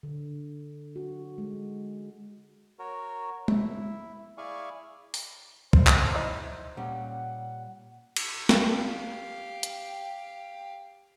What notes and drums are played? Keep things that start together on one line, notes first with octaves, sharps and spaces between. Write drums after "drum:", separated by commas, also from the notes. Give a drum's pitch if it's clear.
D3
F#4
G#3
F#4 A#4 C#5
E4, drum: tom G#3
E4 G#4 D5 F5 G#5 C#6
drum: open hi-hat
C5, drum: kick
drum: clap
E3 D#4
A#2 G3 C#4 F#5
drum: cymbal
G4 F5, drum: snare
drum: hi-hat